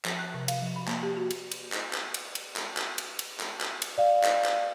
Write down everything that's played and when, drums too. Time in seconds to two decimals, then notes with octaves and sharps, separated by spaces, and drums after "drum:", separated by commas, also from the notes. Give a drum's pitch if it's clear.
0.05 F3, drum: clap
0.19 F#6
0.34 C3
0.48 F5, drum: cymbal
0.62 F3
0.76 B5
0.87 A#3, drum: clap
1.03 G4
1.17 F#4
1.30 drum: cymbal
1.51 drum: cymbal
1.72 drum: clap
1.93 drum: clap
2.14 drum: cymbal
2.35 drum: cymbal
2.56 drum: clap
2.77 drum: clap
2.98 drum: cymbal
3.19 drum: cymbal
3.40 drum: clap
3.61 drum: clap
3.82 drum: cymbal
3.98 D5 F5
4.24 drum: clap
4.45 drum: clap